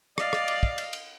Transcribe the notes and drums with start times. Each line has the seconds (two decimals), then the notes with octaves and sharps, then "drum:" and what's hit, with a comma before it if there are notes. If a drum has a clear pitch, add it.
0.18 D5 D#5 F5, drum: rim click
0.33 drum: rim click
0.48 drum: cymbal
0.63 drum: kick
0.78 drum: cymbal
0.93 drum: cymbal